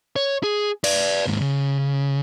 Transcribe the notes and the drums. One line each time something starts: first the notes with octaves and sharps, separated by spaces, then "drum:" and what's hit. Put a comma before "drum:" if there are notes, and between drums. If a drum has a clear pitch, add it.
C#5
G#4
B4 D5, drum: cymbal
D#2 G#2
C#3